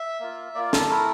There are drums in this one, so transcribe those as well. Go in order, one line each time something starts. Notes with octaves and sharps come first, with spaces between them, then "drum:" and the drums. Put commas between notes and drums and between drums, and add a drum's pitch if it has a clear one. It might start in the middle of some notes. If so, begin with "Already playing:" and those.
Already playing: E5
A#3 F4
A#3 F4 D5
A4, drum: snare
A3 E4 A#4